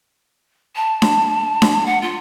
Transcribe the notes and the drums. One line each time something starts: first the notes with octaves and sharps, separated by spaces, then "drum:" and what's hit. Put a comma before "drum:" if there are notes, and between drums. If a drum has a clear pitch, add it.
A5
drum: snare D4
drum: snare D4
F#5
F4